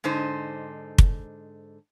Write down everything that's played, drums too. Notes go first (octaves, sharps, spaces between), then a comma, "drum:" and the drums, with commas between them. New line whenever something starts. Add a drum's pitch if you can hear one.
G#2 D3 D#4 C5
drum: kick